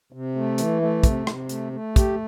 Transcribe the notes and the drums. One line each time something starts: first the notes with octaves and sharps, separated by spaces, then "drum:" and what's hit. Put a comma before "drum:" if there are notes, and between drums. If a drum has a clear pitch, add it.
C3
A3
E3, drum: hi-hat
A3
C3, drum: kick, hi-hat
C3, drum: rim click
A3, drum: hi-hat
A3
G4, drum: kick, hi-hat